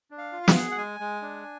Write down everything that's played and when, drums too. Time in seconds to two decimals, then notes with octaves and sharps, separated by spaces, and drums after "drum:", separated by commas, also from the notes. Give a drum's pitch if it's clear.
0.11 D4
0.18 F5
0.32 F4
0.43 F5
0.48 F#5, drum: snare
0.56 G#4
0.71 F#5
0.77 G#3 G#5
1.00 G#3
1.22 D4